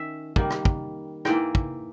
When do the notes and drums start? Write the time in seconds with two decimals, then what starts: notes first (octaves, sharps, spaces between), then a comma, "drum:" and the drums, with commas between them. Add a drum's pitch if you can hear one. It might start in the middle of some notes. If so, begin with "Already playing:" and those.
Already playing: D#3 C#4 E5
0.36 D#3 G3 A#3, drum: kick
0.50 drum: rim click
0.65 drum: kick
1.25 G#2 E3 A#3 G5, drum: rim click
1.55 drum: kick